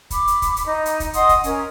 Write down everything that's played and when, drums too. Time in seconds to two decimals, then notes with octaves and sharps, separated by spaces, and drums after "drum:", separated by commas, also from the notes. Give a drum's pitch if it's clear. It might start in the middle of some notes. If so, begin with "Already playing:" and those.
0.10 B5 D6, drum: kick, hi-hat
0.27 drum: hi-hat
0.42 drum: kick, hi-hat
0.56 drum: hi-hat
0.66 D#4 A#5
0.86 drum: hi-hat
1.00 drum: kick, hi-hat
1.13 D#5 F#5 C6 D#6, drum: hi-hat
1.29 drum: kick, hi-hat
1.44 C#4 A#4 G#5 G#6, drum: hi-hat